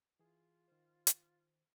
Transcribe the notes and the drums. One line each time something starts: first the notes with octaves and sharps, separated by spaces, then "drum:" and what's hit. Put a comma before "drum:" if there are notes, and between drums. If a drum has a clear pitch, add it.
E3 F4 G#4
D#3 C5
drum: hi-hat